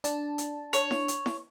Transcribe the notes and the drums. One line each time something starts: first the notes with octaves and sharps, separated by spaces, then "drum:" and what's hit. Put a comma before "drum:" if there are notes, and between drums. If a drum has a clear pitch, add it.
D4 A5, drum: hi-hat
drum: hi-hat
C#5, drum: hi-hat
drum: snare E4
drum: hi-hat
drum: snare E4